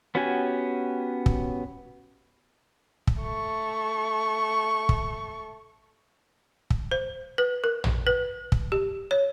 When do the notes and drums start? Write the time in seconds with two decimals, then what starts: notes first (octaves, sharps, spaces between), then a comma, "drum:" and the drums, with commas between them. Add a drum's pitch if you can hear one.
0.15 B3 C#4 F#4 G4 G#5
1.26 drum: kick
3.07 drum: kick
3.22 A3 C#6
4.89 drum: kick
6.70 drum: kick
6.92 C5
7.38 B4
7.64 A#4
7.84 drum: tom
8.07 B4
8.52 drum: kick
8.72 G4
9.11 C#5